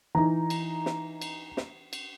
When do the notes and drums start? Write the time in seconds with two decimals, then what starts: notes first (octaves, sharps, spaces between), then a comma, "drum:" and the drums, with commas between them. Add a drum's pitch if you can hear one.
0.15 E3 D#4 A#5
0.50 drum: cymbal
0.86 drum: snare
1.22 drum: cymbal
1.57 drum: snare
1.93 drum: cymbal